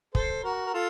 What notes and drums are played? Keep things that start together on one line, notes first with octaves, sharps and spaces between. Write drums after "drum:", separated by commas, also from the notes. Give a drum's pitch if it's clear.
A4 C5, drum: kick
F#4 A#4
A#4
F4 A4